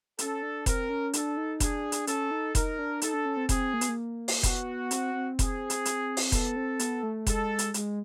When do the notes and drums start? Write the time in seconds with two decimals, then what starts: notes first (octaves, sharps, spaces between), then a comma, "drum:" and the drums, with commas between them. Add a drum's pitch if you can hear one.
0.19 C#4 A4, drum: hi-hat
0.42 D4
0.66 C4 A#4, drum: kick F1, hi-hat
0.89 C#4
1.13 D4 A4, drum: hi-hat
1.37 D#4
1.60 D4 G#4, drum: kick F1, hi-hat
1.92 drum: hi-hat
2.07 C#4 A4, drum: hi-hat
2.31 D#4
2.55 D#4 A#4, drum: kick F1, hi-hat
2.79 D4
3.02 D#4 A4, drum: hi-hat
3.14 D4
3.25 C#4
3.37 C4
3.49 C4 G#4, drum: kick F1, hi-hat
3.74 A#3
3.81 B3, drum: hi-hat
3.89 A#3
4.28 drum: open hi-hat
4.43 B3 F#4, drum: kick F1, hi-hat
4.91 C4, drum: hi-hat
5.14 C4
5.39 G#4, drum: kick F1, hi-hat
5.70 drum: hi-hat
5.85 drum: hi-hat
6.17 drum: open hi-hat
6.32 B3 A4, drum: kick F1, hi-hat
6.56 C4
6.79 B3, drum: hi-hat
7.03 A3
7.26 G#3 A4, drum: kick F1, hi-hat
7.59 drum: hi-hat
7.74 G#3, drum: hi-hat